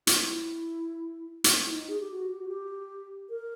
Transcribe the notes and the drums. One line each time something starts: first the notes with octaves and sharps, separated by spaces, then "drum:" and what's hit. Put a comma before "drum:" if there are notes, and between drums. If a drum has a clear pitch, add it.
F4, drum: hi-hat
E4
drum: hi-hat
E4
D#4
G#4
G4
F#4
G4
F#4
G4
A#4